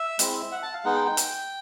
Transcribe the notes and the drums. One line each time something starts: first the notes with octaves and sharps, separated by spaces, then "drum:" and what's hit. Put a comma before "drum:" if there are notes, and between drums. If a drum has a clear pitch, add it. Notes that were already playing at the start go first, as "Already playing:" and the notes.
Already playing: E5
G#3 C4 E4, drum: hi-hat
F#5
A5
F5
G#3 B3 D#4 G#4 F#5
G5
G5
drum: hi-hat